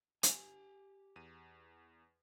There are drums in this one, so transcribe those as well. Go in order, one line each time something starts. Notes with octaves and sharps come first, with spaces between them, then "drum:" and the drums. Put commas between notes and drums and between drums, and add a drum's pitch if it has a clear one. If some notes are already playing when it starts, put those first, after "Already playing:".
G4 G#5, drum: hi-hat
E2 D#7